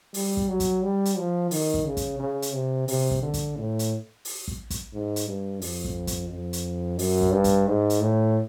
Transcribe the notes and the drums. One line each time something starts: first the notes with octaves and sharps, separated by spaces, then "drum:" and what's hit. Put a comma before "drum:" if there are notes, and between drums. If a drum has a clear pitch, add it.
G3, drum: open hi-hat
drum: kick
F#3
drum: kick, hi-hat
G3
drum: hi-hat
F3
D#3, drum: open hi-hat
drum: kick
C#3
drum: kick, hi-hat
C#3
drum: hi-hat
C3
C3, drum: open hi-hat
drum: kick
D3
drum: kick, hi-hat
A2
drum: hi-hat
drum: open hi-hat
drum: kick
drum: kick, hi-hat
G#2
drum: hi-hat
G2
F2, drum: open hi-hat
drum: kick
drum: kick, hi-hat
F2
drum: hi-hat
F#2, drum: open hi-hat
drum: kick
G2
drum: kick, hi-hat
G#2
drum: hi-hat
A2